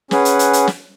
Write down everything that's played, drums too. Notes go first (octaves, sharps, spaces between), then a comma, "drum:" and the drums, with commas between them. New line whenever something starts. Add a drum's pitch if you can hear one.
C#4 G#4 B4 F#5, drum: snare
drum: hi-hat
drum: hi-hat
drum: hi-hat
drum: snare